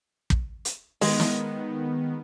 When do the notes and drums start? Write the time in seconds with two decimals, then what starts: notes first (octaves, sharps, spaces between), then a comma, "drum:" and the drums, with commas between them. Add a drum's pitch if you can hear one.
0.30 drum: kick
0.65 drum: hi-hat
1.01 D#3 G#3 B3, drum: open hi-hat
1.20 drum: snare